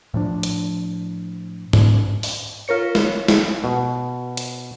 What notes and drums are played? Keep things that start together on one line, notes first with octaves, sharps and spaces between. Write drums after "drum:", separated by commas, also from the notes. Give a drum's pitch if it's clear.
A2 F3 D4
drum: hi-hat
drum: tom G#2
drum: open hi-hat
F4 A#4 C#5 C#7
drum: snare
drum: snare
B2
drum: hi-hat